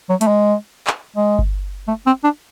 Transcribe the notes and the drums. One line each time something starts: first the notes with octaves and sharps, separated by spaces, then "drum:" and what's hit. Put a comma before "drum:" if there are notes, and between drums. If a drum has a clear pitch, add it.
F#3
A3, drum: hi-hat
G#3
drum: clap
G#3
drum: kick G1
A3
C4
D4